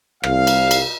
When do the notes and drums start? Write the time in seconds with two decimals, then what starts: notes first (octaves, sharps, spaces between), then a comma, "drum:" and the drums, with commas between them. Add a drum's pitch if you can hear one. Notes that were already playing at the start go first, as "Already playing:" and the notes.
0.24 C2 F5, drum: rim click
0.47 drum: cymbal
0.71 drum: cymbal